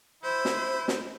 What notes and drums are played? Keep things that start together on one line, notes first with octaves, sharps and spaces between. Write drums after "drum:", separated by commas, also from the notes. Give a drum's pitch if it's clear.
E4 C5
drum: snare
drum: snare